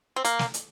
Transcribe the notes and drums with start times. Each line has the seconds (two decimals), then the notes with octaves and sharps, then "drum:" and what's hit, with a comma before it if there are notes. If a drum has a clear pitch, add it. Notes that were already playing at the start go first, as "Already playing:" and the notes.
0.16 C4
0.25 A#3, drum: hi-hat
0.39 drum: snare
0.54 drum: hi-hat